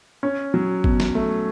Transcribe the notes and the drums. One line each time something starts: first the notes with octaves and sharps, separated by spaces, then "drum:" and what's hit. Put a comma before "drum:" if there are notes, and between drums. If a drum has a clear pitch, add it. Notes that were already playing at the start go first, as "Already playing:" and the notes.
C#4
F#3
B2, drum: kick
drum: snare
A3